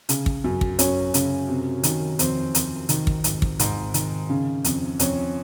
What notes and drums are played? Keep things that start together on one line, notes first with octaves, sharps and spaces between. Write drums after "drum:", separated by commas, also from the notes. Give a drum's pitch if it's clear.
C#3, drum: hi-hat
drum: kick
F#2
drum: kick
F#2 C#4, drum: hi-hat
C#3, drum: hi-hat
C3
D#3, drum: hi-hat
F2 C4, drum: hi-hat
F2, drum: hi-hat
D#3, drum: hi-hat
drum: kick
G#2, drum: hi-hat
drum: kick
G#2, drum: hi-hat
D#3, drum: hi-hat
C#3
F2, drum: hi-hat
F2 C#4, drum: hi-hat